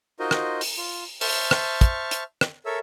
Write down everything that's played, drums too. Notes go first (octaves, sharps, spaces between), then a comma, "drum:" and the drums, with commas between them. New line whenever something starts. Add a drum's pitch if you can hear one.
D#4 F4 F#4 A#4 C5 D#5
drum: rim click
drum: open hi-hat
F4
C5 E5 A5 C#6 F6, drum: open hi-hat
drum: rim click
drum: kick, hi-hat
drum: hi-hat
drum: rim click
A4 A#4 C#5 E5 E6